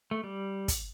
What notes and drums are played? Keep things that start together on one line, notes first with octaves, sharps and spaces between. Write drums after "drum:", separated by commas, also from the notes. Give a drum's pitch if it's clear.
A3
G3
drum: kick, hi-hat